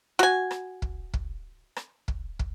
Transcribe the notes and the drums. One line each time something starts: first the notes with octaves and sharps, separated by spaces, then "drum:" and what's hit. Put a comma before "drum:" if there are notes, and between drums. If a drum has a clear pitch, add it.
F#4 G#5
drum: rim click
drum: kick
drum: kick
drum: rim click
drum: kick
drum: kick